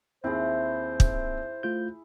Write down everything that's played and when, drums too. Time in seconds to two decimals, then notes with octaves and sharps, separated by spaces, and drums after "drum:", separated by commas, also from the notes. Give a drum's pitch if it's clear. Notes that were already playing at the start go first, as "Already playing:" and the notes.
0.24 D#2 C4 E4 G#4 C5
1.00 drum: kick
1.63 A3 F4 G6